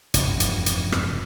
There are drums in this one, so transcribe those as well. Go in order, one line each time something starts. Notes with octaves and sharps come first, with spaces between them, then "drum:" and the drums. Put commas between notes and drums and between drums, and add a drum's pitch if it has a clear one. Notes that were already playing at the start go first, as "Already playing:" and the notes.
F1 E2 G2, drum: hi-hat
drum: hi-hat
drum: hi-hat
drum: rim click